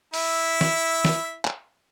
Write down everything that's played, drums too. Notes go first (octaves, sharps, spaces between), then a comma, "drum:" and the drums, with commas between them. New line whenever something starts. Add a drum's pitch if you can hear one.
E4 E5, drum: open hi-hat
drum: snare
drum: snare
drum: clap